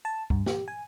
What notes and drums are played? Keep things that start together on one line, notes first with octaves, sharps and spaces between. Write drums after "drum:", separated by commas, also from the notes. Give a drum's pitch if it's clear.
A5
G2, drum: kick
G4, drum: snare
G#5